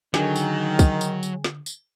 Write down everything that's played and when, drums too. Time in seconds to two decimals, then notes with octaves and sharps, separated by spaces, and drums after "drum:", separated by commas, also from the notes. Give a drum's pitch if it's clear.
0.14 D3 D#3 F#3 G#4 G5 G#5, drum: snare
0.36 drum: tambourine
0.79 drum: kick, tambourine
1.01 drum: tambourine
1.23 drum: tambourine
1.44 drum: snare
1.66 drum: tambourine